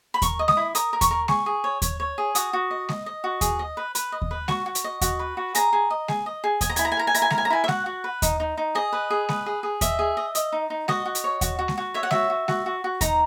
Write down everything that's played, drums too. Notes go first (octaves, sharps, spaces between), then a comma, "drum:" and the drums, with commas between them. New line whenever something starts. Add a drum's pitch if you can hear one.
B5
A#4 C#6, drum: kick D#2, hi-hat
D#5
D#6, drum: snare G#3
E4
A#4 D#6, drum: hi-hat
A#4
C#6, drum: kick D#2, hi-hat
A#4
G#4 C#6, drum: snare G#3
G#4
C#5
C#5, drum: kick D#2, hi-hat
C#5
G#4
F#4 D#6, drum: hi-hat
F#4
D#5
D#5, drum: snare G#3
D#5
F#4
G#4, drum: kick D#2, hi-hat
D#5
B4
B4, drum: hi-hat
D#5
drum: kick D#2
B4
F#4 C#6, drum: snare G#3
F#4
drum: hi-hat
D#5
F#4, drum: kick D#2, hi-hat
B4
F#4
G#4 A#5, drum: hi-hat
G#4
D#5
G#4, drum: snare G#3
D#5
G#4
D#5 G#5, drum: kick D#2, hi-hat
A#5
G#5, drum: hi-hat
E4
A#5
G#5
A#4 A#5
G#5
E4 A#5, drum: hi-hat
G#5
A#4 A#5, drum: snare G#3
G#5
A#5
E4 G#5
E5
F#4 F#5, drum: snare G#3
F#4
B4
D#4, drum: kick D#2, hi-hat
D#4
D#4
G#4 D#5
B4
G#4
B4, drum: snare G#3
G#4
G#4
D#5 E5, drum: kick D#2, hi-hat
G#4
D#5
D#5, drum: hi-hat
D#4
D#4
F#4 D#5, drum: snare G#3
F#4
drum: hi-hat
C#5
F#4, drum: kick D#2, hi-hat
F#4
drum: snare G#3
F#4
C#5 E5
F#5
F#4 E5, drum: snare G#3
F#4
F#4, drum: snare G#3
F#4
F#4
D#4 A#5, drum: kick D#2, hi-hat